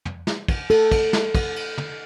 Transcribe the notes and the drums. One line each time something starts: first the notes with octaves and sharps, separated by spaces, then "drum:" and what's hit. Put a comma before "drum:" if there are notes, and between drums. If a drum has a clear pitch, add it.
drum: tom
drum: snare
drum: kick, cymbal
A4, drum: cymbal
drum: kick, cymbal
drum: snare
drum: kick, cymbal
drum: cymbal
drum: tom